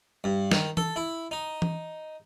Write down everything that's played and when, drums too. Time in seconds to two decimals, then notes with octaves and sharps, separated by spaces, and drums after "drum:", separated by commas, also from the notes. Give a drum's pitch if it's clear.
0.24 G2
0.52 D#3, drum: snare
0.77 A4, drum: tom E3
0.96 E4
1.31 D#4
1.62 drum: tom E3